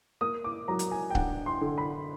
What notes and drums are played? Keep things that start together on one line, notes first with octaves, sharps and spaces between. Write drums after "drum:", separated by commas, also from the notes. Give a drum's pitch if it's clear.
A#3 D#6
D6
F#3 A#5
drum: hi-hat
G#5
G5
D4 F#5, drum: kick C#1
C6
D3
B5